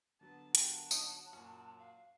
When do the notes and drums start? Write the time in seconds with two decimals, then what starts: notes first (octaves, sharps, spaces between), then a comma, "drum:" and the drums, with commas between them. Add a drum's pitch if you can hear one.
0.21 D3 F#3 B3 A5
0.55 F#4 G4 A#4 A5, drum: hi-hat
0.91 D#4 C#5 D#5, drum: tambourine
1.33 F#2 A#2 C#4
1.79 F5